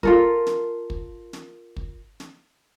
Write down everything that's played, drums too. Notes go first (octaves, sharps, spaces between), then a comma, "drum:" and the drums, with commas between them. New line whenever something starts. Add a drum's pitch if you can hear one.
F4 A4 A#4, drum: kick
drum: snare
drum: kick
drum: snare
drum: kick
drum: snare